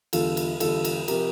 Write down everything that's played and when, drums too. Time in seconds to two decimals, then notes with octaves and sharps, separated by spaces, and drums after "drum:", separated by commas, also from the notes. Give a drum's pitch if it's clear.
0.13 E2 D3 G3 F4 A4, drum: cymbal
0.37 drum: cymbal
0.60 E2 D3 G3 F4 A4, drum: cymbal
0.85 drum: cymbal
1.08 C3 F3 G4 A#4, drum: cymbal